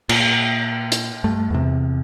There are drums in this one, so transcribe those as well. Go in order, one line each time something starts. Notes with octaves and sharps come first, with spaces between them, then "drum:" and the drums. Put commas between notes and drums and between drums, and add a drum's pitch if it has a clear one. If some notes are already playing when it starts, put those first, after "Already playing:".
A#2, drum: cymbal
drum: hi-hat
G2 A3
E2 C3